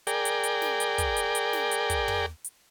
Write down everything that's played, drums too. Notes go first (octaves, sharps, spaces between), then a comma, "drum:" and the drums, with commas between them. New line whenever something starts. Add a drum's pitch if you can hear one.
G#4 A#4 D5 G5, drum: hi-hat
drum: hi-hat
drum: hi-hat
drum: snare
drum: hi-hat
drum: kick, hi-hat
drum: hi-hat
drum: hi-hat
drum: snare
drum: hi-hat
drum: kick, hi-hat
drum: tom
drum: hi-hat